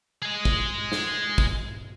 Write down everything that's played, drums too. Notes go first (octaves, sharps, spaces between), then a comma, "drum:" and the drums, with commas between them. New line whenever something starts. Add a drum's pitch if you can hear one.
G#4 D#5
drum: kick
drum: snare
drum: kick